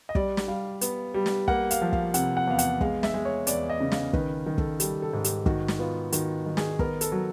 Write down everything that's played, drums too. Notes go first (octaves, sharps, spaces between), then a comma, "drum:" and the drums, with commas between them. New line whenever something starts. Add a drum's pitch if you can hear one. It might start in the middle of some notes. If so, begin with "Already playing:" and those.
D#5
G3 D5, drum: kick
drum: snare
G3 F5
B3, drum: hi-hat
G3
drum: snare
A#3 F#5, drum: kick
F5, drum: hi-hat
F3
F5, drum: kick
C3 F#5, drum: hi-hat
F#5
E2 F5
F#5, drum: hi-hat
G#3 F5, drum: kick
E5, drum: snare
G#3
C#5
E2 D5, drum: hi-hat
D#5
C#3
F5, drum: snare
D#3 B4, drum: kick
D#3
A4, drum: kick
G3 A4, drum: hi-hat
A4
G#2
G4, drum: hi-hat
D#3 F#4, drum: kick
drum: snare
B3 F4
D#3 F#4, drum: hi-hat
D#3
G#4, drum: snare
B3 A#4, drum: kick
A4, drum: hi-hat
F#3